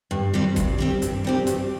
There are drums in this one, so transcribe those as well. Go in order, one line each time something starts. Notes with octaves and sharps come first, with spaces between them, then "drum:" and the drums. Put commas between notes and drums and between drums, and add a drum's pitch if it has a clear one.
G2
G3 C4 G4
G2, drum: kick, hi-hat
G3 C4 G4
G2, drum: hi-hat
G3 C4 G4
G2, drum: hi-hat